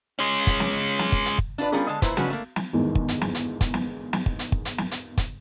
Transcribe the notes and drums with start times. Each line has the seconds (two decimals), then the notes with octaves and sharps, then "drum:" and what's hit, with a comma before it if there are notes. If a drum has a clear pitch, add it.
0.19 G#3 C#4
0.47 drum: kick, hi-hat
0.60 drum: snare
0.99 drum: snare
1.12 drum: kick
1.25 drum: hi-hat
1.38 drum: kick
1.58 D4 F4 B4 D5
1.72 G3 B3 C#4 F4 G#4 A#4
1.88 D3 G#3 A5
2.02 A#2 E4 B4 C5, drum: kick, hi-hat
2.17 C#3 G#3 C#4 D4 F#4 B4, drum: snare
2.30 A3 A#3
2.56 drum: snare
2.73 G1 E2 G#2 D#3
2.95 drum: kick
3.08 drum: hi-hat
3.21 drum: snare
3.35 drum: hi-hat
3.61 drum: kick, hi-hat
3.74 drum: snare
4.13 drum: snare
4.26 drum: kick
4.39 drum: hi-hat
4.52 drum: kick
4.65 drum: hi-hat
4.78 drum: snare
4.91 drum: hi-hat
5.18 drum: kick, hi-hat